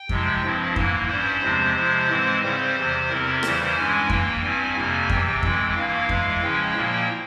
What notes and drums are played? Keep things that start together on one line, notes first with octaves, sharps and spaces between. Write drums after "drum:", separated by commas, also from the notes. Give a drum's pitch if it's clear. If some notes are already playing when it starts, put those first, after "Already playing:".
Already playing: G5
C3 F3 G#3 E4, drum: kick F2
G2 F3 C4 E4
G#2 E3 A#3 E4, drum: kick F2
G2 G3 C#4 E4 C5
E2 C3 F3 G#3 C4
C3 F3 G#3 E4
G#2 E3 G#3 C4 E4
C#3 G3 C4 C5
E2 C3 E3
E2 C3 G3 C4 E4 A#4
E2 C#3 E3 G3 C5, drum: rim click
G2 E3 G#3 C#4 E4 G#5
E2 E3 A#3 G5, drum: kick F2
G2 G3 C4 E4 G#5
F2 C3 G3 A#3
E2 C3 E3 G5, drum: kick F2
F2 E3 G#3 E4, drum: kick F2
G2 E3 A#3 E4 F5
E2 E3 G#3 E4, drum: kick F2
C#3 F3 G#3 C#4 E4 G5
A#2 F3 A#3 E4